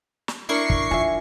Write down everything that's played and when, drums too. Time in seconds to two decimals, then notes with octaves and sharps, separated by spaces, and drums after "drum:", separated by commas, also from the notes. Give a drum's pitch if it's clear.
0.28 drum: snare
0.49 D4 E4 A#4 C#6 C7
0.70 drum: kick
0.91 F4 E5 G#5